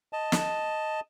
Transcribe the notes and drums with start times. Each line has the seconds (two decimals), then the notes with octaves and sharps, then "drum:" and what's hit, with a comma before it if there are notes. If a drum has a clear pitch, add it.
0.13 D#5 A5
0.32 drum: snare